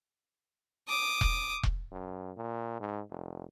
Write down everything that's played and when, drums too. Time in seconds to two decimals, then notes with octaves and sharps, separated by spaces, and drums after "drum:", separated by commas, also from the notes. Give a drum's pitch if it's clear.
0.88 D6 D#6
1.21 drum: kick E1
1.63 drum: kick E1
1.92 F#2
2.37 A#2
2.80 G#2
3.10 F1